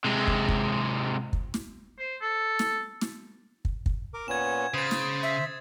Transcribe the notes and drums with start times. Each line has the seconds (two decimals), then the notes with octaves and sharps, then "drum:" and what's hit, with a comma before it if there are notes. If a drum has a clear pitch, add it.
0.04 C3 G#3
0.27 drum: kick
0.49 drum: kick
1.33 drum: kick
1.54 drum: snare
1.99 C5
2.21 A4
2.59 drum: snare
3.01 drum: snare
3.65 drum: kick
3.86 drum: kick
4.14 A#4 D6
4.28 A#2 B3 C#4 G#6 E7
4.74 C#3 C5 D#6 A6
4.91 drum: snare
5.23 E5